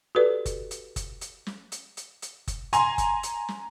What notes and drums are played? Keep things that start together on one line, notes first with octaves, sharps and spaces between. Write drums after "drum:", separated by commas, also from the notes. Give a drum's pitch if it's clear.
F#4 G4 A4 B4 D5
drum: kick F#1, hi-hat
drum: hi-hat
drum: kick F#1, hi-hat
drum: hi-hat
drum: snare
drum: hi-hat
drum: hi-hat
drum: hi-hat
drum: kick F#1, hi-hat
G#5 A#5 C6, drum: hi-hat
drum: kick F#1, hi-hat
drum: hi-hat
drum: snare